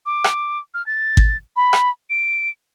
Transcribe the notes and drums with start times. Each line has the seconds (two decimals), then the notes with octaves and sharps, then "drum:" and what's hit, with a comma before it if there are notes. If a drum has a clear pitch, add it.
0.06 D6
0.24 drum: rim click
0.74 F6
0.86 A6
1.17 drum: kick G#1
1.56 B5
1.73 drum: rim click
2.10 D7